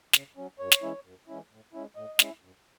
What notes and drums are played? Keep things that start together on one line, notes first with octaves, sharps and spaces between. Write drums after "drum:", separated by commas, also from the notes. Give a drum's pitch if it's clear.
C#3, drum: snare
F#3 C#4
F#2 C#5
drum: snare
E3 G#3 C#4 E4
F#2
E3 G#3 C#4 E4
A2
G#3 C#4 E4
A2 D#5
G#3 C#4 E4, drum: snare
F#2